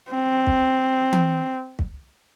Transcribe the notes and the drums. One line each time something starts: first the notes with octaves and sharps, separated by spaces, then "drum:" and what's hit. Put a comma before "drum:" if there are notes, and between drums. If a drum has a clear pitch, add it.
C4
drum: kick
drum: tom E3
drum: kick